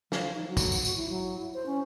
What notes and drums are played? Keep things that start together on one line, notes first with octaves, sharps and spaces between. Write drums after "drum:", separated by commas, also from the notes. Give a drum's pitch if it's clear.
F3, drum: snare
D#4
F#3
drum: kick, tambourine
drum: tambourine
F#4, drum: tambourine
E4
F#3
E4
C5
C#4